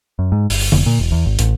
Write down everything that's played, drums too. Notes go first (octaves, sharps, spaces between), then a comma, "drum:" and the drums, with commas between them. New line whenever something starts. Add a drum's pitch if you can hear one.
F#2
G#2
G1, drum: open hi-hat
F1, drum: tom D3
A#2
E1
E2
G#1
A1, drum: hi-hat